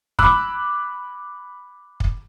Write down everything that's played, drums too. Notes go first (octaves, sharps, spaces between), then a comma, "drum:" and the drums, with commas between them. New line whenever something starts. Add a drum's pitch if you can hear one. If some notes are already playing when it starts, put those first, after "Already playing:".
B5 D6 E6 F#6, drum: kick
drum: kick